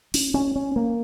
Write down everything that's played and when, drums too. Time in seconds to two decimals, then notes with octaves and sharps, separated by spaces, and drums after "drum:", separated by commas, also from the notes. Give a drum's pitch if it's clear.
0.14 C#4, drum: open hi-hat
0.34 C#4
0.56 C#4
0.76 A#3